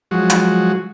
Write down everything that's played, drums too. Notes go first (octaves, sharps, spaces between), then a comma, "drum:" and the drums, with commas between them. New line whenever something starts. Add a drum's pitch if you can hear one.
F3 F#3 G#3 F#4
drum: hi-hat